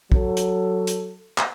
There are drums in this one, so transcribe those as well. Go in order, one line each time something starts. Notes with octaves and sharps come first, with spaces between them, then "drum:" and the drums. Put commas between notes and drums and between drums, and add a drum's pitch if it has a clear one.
F#3 A4, drum: kick
drum: hi-hat
drum: hi-hat
drum: clap